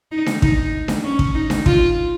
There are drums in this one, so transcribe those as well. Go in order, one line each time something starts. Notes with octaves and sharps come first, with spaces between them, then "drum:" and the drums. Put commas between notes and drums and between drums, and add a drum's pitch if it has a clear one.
D#4
drum: snare D4
D#4, drum: kick
drum: snare D4
C#4
drum: kick
D#4
drum: snare D4
F4, drum: kick